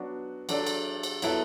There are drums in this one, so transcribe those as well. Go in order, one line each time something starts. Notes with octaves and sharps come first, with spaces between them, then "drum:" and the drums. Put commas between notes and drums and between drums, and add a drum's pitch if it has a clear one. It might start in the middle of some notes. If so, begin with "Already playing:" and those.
Already playing: F#3 B3 D4 F#4
F#3 D4 A4 D5, drum: cymbal
drum: cymbal
drum: cymbal
F#3 B3 E4 A4, drum: cymbal